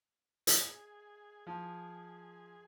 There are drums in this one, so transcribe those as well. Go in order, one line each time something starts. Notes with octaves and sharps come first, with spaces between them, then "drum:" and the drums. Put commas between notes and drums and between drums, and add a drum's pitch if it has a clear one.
G#4, drum: hi-hat
F3